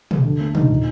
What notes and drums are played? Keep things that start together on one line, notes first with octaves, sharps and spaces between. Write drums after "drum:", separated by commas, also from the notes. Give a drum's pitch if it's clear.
drum: tom
D3
A3
D#4, drum: tom
A#2